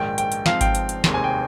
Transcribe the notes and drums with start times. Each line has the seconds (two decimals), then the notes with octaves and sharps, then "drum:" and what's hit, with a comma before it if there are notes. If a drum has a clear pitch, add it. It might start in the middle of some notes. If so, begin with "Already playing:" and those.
Already playing: A#1 G#2 D#3 G5
0.18 G5, drum: hi-hat
0.32 drum: hi-hat
0.46 G#2 F3 C4 F5, drum: snare
0.61 G5, drum: kick G#1, hi-hat
0.75 drum: hi-hat
0.89 drum: hi-hat
1.04 F1 D#2 D#3 G#3 C4, drum: snare
1.14 G#5
1.24 G5